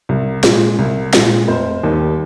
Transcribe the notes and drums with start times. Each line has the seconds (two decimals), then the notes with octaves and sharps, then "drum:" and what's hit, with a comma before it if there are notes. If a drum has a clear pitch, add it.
0.09 C2
0.43 A#2 G#3, drum: snare
0.79 C2
1.13 A#2 G#3, drum: snare
1.48 F1 C5
1.83 D#2 D#3 G3